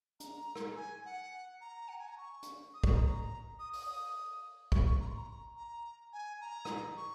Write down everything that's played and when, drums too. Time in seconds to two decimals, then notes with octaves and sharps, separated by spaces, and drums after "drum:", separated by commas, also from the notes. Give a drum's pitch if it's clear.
0.20 A#5, drum: hi-hat
0.55 drum: rim click
0.77 G#5
1.05 F#5
1.61 A#5
1.89 F#5
1.98 G#5
2.09 A#5
2.18 C#6
2.43 drum: hi-hat
2.74 D#6
2.84 C#6, drum: kick
2.93 A#5
3.59 D#6
3.73 D#6, drum: open hi-hat
3.87 D#6
4.72 C#6, drum: kick
4.86 C#6
5.00 A#5
5.07 C#6
5.15 A#5
5.56 A#5
6.13 G#5
6.41 A#5
6.65 drum: rim click
6.97 C#6